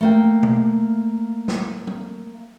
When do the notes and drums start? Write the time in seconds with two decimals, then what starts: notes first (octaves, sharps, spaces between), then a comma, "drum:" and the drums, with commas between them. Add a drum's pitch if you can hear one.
0.01 A3 A#3 G5
0.43 drum: tom B2
1.48 drum: snare
1.87 drum: tom F#3